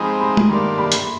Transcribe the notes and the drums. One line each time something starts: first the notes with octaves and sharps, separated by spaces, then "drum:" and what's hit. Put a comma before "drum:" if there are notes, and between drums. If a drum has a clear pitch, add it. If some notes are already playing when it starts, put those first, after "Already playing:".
Already playing: F3 G#3 C4 D#4 G#4 B5
B5
drum: tom G#3
D#3 G3 A#3 D4 C6
B5
drum: hi-hat